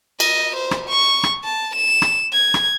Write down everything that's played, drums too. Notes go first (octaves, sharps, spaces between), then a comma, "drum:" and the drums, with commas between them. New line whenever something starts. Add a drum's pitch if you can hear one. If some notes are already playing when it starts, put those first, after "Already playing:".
D#5, drum: cymbal
C5
drum: rim click
C#6
drum: rim click
A5
E7
drum: rim click
G#6
drum: rim click